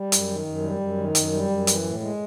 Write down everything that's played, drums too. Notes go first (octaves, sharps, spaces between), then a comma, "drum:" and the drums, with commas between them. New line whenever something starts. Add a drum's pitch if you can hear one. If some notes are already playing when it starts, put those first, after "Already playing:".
Already playing: G3
F#2, drum: hi-hat
D#3
F#2
G3
F#2
D#3
F#2, drum: hi-hat
G3
F#2
E3, drum: hi-hat
A2
G#3